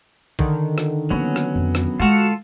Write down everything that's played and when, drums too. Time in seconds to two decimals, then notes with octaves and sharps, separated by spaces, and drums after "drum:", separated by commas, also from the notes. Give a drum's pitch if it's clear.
0.39 D3 D#3, drum: kick
0.78 drum: rim click
1.10 F3 F#3 A#3 B3 C#4
1.36 drum: rim click
1.56 F2
1.75 drum: rim click
2.00 D3 G#3 F4 F#4 A4 F5 C#7 E7